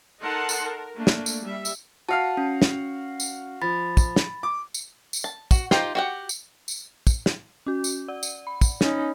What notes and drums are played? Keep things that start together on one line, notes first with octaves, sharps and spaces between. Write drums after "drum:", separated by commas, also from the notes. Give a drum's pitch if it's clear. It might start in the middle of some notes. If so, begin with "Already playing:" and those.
D#4 A4 A#4 F#5 A5 C6
drum: tambourine
A#4
A3 A#3 D4
drum: snare
drum: tambourine
G3 E5
drum: tambourine
F#4 F5 A5 F6
C#4
drum: snare
drum: tambourine
F3 B5 A6
drum: kick, tambourine
drum: snare
D6
drum: tambourine
drum: tambourine
A5
F#4, drum: kick, tambourine
D#4 F4 G4 C5, drum: snare
F#4 G4 F#5
drum: tambourine
drum: tambourine
drum: kick, tambourine
drum: snare
C#4 F#4
drum: tambourine
D5 F#5
drum: tambourine
B5
drum: kick, tambourine
C#4 D#4, drum: snare